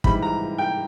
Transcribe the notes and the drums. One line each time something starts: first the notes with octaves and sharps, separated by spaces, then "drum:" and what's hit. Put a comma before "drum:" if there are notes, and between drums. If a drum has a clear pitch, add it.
G#2 E3 G3 B5, drum: kick
A#5
G5